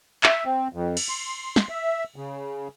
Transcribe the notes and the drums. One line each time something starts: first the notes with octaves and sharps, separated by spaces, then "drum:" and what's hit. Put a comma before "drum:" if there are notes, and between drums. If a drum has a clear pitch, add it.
E5, drum: clap
C4
F2
drum: cymbal
C6
drum: snare
E5
C#3